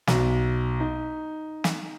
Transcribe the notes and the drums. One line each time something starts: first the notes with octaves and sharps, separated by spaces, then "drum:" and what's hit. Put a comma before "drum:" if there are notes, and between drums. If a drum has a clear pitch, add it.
B1, drum: snare
D#4
drum: snare